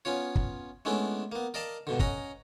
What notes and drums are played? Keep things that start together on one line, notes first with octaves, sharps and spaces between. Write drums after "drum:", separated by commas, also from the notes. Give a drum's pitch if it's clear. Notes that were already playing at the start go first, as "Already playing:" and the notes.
B3 C#4 F4 C#5
drum: kick
G#3 A3 B3 C#4 D4 E4
A#3 B3
A#4 D5 D#5 F5 A5
G2 B2 D3
C#4 D#5 F#5 A#5, drum: kick